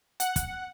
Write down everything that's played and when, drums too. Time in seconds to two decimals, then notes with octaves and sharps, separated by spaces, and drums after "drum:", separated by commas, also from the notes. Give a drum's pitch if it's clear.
0.20 F#5, drum: hi-hat
0.36 drum: kick, hi-hat